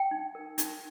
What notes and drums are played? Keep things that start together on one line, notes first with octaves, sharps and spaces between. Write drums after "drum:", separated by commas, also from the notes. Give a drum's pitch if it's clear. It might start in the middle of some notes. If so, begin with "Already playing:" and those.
Already playing: G5
D#4
A#4
D#4, drum: hi-hat